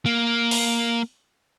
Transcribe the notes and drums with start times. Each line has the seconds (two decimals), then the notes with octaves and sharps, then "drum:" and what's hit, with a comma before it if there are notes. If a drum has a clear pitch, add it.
0.06 A#3
0.51 drum: open hi-hat